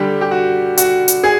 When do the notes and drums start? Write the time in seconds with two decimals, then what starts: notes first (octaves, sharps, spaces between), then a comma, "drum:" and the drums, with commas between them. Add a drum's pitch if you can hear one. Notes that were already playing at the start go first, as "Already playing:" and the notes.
Already playing: D3 G3 G4
0.21 G4
0.31 F#4
0.77 F#4, drum: hi-hat
1.08 drum: hi-hat
1.24 G#4